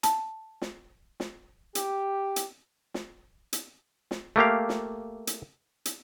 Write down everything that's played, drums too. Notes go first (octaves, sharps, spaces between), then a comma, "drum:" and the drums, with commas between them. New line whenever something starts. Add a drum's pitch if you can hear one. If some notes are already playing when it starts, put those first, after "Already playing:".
A5, drum: hi-hat
drum: snare
drum: snare
G4, drum: hi-hat
drum: hi-hat
drum: snare
drum: hi-hat
drum: snare
A3 A#3 G4 F5
drum: snare
drum: hi-hat
drum: hi-hat